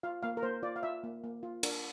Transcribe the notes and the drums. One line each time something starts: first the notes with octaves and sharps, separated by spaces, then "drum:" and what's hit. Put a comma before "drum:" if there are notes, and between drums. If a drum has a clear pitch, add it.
F4 F5
A#3 F5
A#4
A#3 C5
F4 D5
F5
F4 E5
A#3
A#3
F4
D4 A#4, drum: cymbal